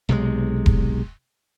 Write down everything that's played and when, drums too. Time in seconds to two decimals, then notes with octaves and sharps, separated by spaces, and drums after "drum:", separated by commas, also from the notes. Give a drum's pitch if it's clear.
0.09 B1 C3 F3 G#3
0.66 drum: kick E1